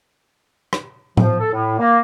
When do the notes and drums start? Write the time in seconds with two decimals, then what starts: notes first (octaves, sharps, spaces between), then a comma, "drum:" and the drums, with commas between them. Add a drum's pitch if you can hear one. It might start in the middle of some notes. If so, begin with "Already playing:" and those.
0.73 drum: rim click
1.17 F3, drum: tom A2
1.39 A4
1.52 A2
1.78 A#3